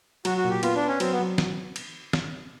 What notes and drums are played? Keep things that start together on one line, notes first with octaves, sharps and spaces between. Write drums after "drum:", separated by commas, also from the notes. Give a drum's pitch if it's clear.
F#3 F#4, drum: cymbal
F#4
A#2
G4
B3 F4, drum: cymbal
D4
B3
C#4
F#3 C4, drum: cymbal
B3
F#3
drum: snare
drum: cymbal
drum: snare